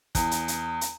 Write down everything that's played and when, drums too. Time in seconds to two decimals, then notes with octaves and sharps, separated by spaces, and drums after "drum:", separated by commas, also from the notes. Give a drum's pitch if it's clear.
0.15 E2, drum: kick, hi-hat
0.31 drum: hi-hat
0.48 drum: hi-hat
0.81 drum: hi-hat